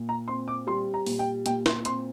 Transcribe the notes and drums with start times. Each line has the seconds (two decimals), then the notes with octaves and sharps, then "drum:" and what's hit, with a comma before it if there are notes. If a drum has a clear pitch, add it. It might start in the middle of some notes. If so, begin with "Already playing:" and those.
Already playing: A#2
0.09 A#5
0.28 C4 C6
0.48 D6
0.67 G3 C6
0.94 A#5
1.06 A#2, drum: open hi-hat
1.19 G5
1.46 A#2 G5, drum: hi-hat
1.66 C6, drum: snare
1.85 C4 C6, drum: hi-hat